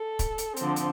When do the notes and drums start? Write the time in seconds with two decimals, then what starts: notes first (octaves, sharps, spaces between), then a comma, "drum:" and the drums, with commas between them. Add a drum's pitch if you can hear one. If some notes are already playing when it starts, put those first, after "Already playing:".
Already playing: A4
0.19 drum: kick, hi-hat
0.38 drum: hi-hat
0.57 D3 F3 C4, drum: hi-hat
0.76 drum: hi-hat